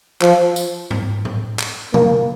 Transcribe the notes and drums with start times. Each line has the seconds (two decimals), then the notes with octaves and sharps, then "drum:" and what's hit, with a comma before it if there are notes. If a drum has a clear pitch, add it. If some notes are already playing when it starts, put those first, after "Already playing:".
0.22 F3, drum: clap
0.56 drum: tambourine
0.91 drum: tom G#2
1.25 drum: tom A2
1.59 drum: clap
1.94 A#3, drum: tom